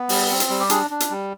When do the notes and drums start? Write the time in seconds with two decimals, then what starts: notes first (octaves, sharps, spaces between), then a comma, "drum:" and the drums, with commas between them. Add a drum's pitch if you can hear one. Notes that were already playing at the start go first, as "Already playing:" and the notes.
Already playing: B3
0.09 G3, drum: open hi-hat
0.30 C4
0.40 drum: hi-hat
0.50 G3
0.60 G4
0.70 D4 G#4, drum: hi-hat
0.90 D4
1.00 drum: hi-hat
1.10 G3